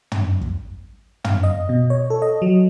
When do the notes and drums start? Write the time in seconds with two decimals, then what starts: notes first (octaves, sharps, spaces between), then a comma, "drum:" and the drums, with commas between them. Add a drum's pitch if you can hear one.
0.12 drum: tom
0.41 drum: kick
1.24 F5, drum: tom
1.43 D#5
1.69 B2
1.90 C#5
2.10 A4
2.22 D#5
2.42 F#3